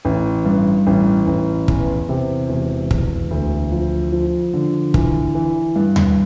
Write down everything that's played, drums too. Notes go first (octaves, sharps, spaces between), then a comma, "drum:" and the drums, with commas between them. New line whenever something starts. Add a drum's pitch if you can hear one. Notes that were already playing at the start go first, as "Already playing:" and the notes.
A1
G2
A1
A1
E2, drum: kick
C3
E1
E1, drum: kick
D2
F3
F3
D3
E3, drum: kick
E3
G2
drum: tom D#2